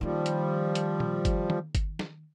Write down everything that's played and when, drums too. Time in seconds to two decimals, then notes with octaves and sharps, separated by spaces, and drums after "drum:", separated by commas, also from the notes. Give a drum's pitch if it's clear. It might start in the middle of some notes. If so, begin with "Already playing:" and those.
0.01 D#3 F3 G3 A#3
0.26 drum: hi-hat
0.75 drum: hi-hat
1.00 drum: tom A#2
1.25 drum: kick G1, hi-hat
1.50 drum: tom D#3
1.75 drum: kick G1, hi-hat
1.99 drum: snare